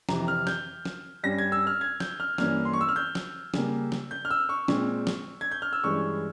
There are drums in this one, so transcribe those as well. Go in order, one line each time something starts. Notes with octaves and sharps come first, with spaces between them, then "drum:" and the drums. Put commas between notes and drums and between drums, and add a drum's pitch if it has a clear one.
F2 C3 E3 A#5, drum: snare
F6
G6, drum: snare
drum: snare
G2 G3 C#4 A#6
G#6
E6
F6
G#6
G6, drum: snare
F6
G2 E3 A#3 C#4 F6, drum: snare
C6
C#6
E6
F6
G6
drum: snare
C#3 G3 A#3, drum: snare
drum: snare
G6
F6
E6
C#6
A#2 G#3 C4, drum: snare
drum: snare
G#6
G6
F6
E6
G2 E3 G#3 C#4 C#6